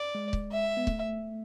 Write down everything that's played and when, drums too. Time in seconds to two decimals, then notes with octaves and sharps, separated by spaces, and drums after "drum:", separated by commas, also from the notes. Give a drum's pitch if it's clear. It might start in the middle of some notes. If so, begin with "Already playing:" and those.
Already playing: D5
0.15 G#3
0.33 drum: kick C#1
0.51 E5
0.77 B3
0.87 A3, drum: kick C#1